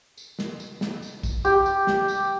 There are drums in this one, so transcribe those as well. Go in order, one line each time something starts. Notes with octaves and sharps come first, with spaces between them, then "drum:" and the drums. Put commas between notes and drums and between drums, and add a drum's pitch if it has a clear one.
drum: tambourine
drum: snare
drum: tambourine
drum: snare
drum: tambourine
drum: kick, tambourine
G4, drum: tambourine
drum: tambourine
drum: snare
drum: tambourine